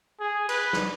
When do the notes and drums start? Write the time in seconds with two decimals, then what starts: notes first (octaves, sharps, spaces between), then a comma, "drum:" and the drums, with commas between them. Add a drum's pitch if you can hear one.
0.20 G#4
0.49 B4, drum: cymbal
0.73 drum: snare